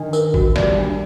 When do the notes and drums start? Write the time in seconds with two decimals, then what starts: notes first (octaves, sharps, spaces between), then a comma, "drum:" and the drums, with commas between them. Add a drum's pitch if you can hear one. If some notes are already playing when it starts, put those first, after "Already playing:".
Already playing: D#3 D4
0.13 A#4, drum: tambourine
0.34 F#4, drum: kick G#1
0.56 G3 D5, drum: snare
0.79 D4